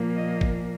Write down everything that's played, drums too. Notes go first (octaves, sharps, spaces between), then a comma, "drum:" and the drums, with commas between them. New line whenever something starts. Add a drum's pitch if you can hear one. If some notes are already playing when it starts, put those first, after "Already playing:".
Already playing: A#2 F3 A#3
D#5
drum: kick G1